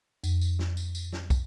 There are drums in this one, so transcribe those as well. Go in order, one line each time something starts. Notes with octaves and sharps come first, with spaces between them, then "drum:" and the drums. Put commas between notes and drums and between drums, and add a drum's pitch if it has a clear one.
F2, drum: tambourine
drum: tambourine
drum: snare
drum: tambourine
drum: tambourine
drum: snare
drum: kick, tambourine